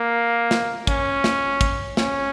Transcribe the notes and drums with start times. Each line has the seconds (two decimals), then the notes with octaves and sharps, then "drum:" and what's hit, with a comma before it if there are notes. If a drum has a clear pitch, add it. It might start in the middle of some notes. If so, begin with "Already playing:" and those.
Already playing: A#3
0.51 drum: snare
0.87 C#4, drum: kick, hi-hat
1.24 drum: snare
1.61 drum: kick, hi-hat
1.97 C#4, drum: snare